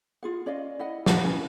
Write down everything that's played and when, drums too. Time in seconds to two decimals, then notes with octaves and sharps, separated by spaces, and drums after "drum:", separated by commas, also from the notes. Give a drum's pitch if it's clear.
0.23 F4 G#4 F#5
0.46 C#4 D5 D#5 F5
0.79 E4 D#5 F#5
1.06 D#5 F5 F#5 A5, drum: snare
1.24 C#4 E4 G#5